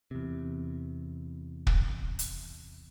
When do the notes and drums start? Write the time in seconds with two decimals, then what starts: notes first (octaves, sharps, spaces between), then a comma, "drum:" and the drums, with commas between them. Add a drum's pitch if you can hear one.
0.11 E2 C3
1.67 drum: kick
2.19 drum: hi-hat